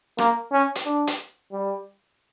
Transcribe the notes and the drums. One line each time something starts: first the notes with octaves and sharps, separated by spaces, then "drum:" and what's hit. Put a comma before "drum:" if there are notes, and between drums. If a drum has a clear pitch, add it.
A#3, drum: rim click
C#4
drum: hi-hat
D4
drum: hi-hat
G3